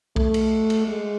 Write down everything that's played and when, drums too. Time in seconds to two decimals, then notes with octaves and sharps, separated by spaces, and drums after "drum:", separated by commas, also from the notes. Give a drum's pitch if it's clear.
0.16 A3, drum: kick B1
0.34 drum: cymbal
0.70 drum: cymbal
0.87 G#3